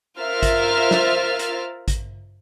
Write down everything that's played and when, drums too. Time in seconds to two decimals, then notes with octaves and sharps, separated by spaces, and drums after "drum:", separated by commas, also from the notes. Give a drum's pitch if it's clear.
0.18 F4 A#4 C5 E5 F6 A6
0.43 drum: kick A1, hi-hat
0.91 drum: snare
1.39 drum: hi-hat
1.88 drum: kick A1, hi-hat